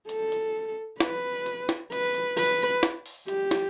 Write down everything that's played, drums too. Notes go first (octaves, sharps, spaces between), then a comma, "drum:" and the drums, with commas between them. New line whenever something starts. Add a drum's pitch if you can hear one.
A4, drum: hi-hat
drum: hi-hat
B4, drum: snare
drum: hi-hat
drum: snare
B4, drum: hi-hat
drum: hi-hat
B4, drum: open hi-hat
drum: snare
drum: open hi-hat
G4, drum: hi-hat
drum: snare